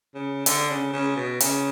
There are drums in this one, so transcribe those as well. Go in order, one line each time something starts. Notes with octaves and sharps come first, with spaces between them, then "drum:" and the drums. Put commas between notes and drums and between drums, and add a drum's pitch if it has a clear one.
C#3
D3, drum: hi-hat
C#3
C#3
B2
C#3, drum: hi-hat